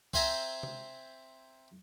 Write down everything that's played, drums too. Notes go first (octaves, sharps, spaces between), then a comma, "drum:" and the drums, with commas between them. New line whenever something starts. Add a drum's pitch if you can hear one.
C4 C5 E5 G#5 A#5, drum: kick C2
drum: tom C3